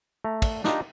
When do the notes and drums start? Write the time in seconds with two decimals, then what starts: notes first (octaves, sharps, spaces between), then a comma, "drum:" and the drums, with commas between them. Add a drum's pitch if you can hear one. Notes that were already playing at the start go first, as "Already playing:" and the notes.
0.25 A3 A#5
0.42 drum: kick, cymbal
0.64 D4 D#4 F4 G4 D#5, drum: snare